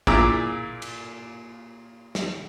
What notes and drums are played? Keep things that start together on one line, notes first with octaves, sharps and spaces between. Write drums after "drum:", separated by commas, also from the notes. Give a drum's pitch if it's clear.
A#2 E4 G#4 A#5 D6 E6, drum: kick
drum: cymbal
drum: snare